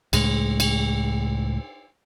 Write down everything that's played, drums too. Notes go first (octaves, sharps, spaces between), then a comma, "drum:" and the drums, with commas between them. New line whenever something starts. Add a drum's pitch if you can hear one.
C#2 A2 G#3, drum: cymbal
drum: cymbal